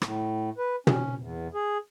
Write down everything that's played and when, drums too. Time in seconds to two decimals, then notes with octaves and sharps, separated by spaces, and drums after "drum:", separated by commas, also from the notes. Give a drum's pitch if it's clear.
0.02 A2, drum: rim click
0.58 B4
0.87 C#4, drum: tom
1.19 E2
1.54 G#4